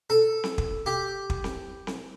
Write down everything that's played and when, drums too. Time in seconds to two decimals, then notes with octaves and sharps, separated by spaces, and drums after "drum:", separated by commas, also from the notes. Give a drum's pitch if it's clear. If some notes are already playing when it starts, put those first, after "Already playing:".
0.10 A4
0.44 drum: snare C4
0.58 drum: kick
0.86 G4
1.30 drum: kick
1.44 drum: snare C4
1.87 drum: snare C4